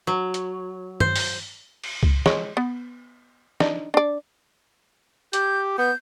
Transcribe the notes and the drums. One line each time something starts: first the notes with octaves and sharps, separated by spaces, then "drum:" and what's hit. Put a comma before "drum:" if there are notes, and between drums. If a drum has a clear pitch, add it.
F#3
drum: hi-hat
C5, drum: tom G2
drum: open hi-hat
drum: cymbal
drum: kick C#2
G#3 C#5, drum: snare
B3
D4 D#4, drum: snare
D4 D5
G4 G6, drum: hi-hat
B3 G6